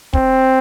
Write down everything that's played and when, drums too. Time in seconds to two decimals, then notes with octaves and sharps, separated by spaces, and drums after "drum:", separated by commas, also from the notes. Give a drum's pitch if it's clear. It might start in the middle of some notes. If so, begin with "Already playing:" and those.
0.13 C4, drum: kick